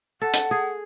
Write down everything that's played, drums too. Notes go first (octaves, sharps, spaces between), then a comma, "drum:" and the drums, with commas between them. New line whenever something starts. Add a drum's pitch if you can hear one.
A4 F#5
drum: hi-hat
G#4